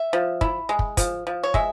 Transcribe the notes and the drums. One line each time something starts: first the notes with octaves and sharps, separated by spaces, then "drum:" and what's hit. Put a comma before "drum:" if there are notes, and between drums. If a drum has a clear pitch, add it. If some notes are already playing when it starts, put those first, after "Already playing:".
Already playing: E5
F3
E4, drum: kick
G#3
drum: kick
F3, drum: kick, hi-hat
F3
C#5
G#3 E5, drum: kick